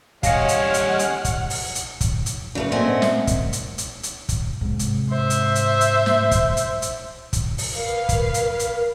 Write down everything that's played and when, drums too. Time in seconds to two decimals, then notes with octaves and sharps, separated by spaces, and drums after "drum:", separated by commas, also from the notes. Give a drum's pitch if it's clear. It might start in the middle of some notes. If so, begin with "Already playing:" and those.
0.23 G3 C#4 D#5 F5 F#5 F6 A#6 C#7, drum: kick, hi-hat
0.49 drum: hi-hat
0.74 drum: hi-hat
0.99 drum: hi-hat
1.25 drum: kick, hi-hat
1.50 drum: open hi-hat
1.75 drum: hi-hat
2.01 drum: kick, hi-hat
2.26 drum: hi-hat
2.55 C#3 A3 B3
2.72 A#2 C4 D#5 E5 F#5 G#5
3.02 drum: snare
3.27 drum: kick, hi-hat
3.53 drum: hi-hat
3.78 drum: hi-hat
4.03 drum: hi-hat
4.29 drum: kick, hi-hat
4.61 G#2 C3
4.79 drum: hi-hat
5.10 C5 E5
5.30 drum: hi-hat
5.55 drum: hi-hat
5.81 drum: hi-hat
6.06 drum: snare
6.31 drum: kick, hi-hat
6.57 drum: hi-hat
6.82 drum: hi-hat
7.33 drum: kick, hi-hat
7.58 drum: open hi-hat
7.76 A#4 B4 F5
8.09 drum: kick, hi-hat
8.34 drum: hi-hat
8.59 drum: hi-hat